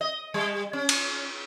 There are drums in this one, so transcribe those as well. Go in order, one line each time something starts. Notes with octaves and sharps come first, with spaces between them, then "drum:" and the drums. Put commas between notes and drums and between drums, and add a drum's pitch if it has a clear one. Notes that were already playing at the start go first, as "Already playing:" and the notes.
D#5
G3
C#4
drum: cymbal